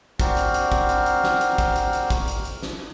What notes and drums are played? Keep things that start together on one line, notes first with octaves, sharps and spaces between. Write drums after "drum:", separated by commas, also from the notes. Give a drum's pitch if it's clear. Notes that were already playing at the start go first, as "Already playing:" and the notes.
C4 D4 F#4 A#4 C5 F6, drum: kick, hi-hat
drum: hi-hat
drum: hi-hat
drum: kick, hi-hat
drum: hi-hat
drum: hi-hat
drum: snare
drum: hi-hat
drum: kick, hi-hat
drum: hi-hat
drum: hi-hat
drum: kick, hi-hat
drum: hi-hat
drum: hi-hat
drum: snare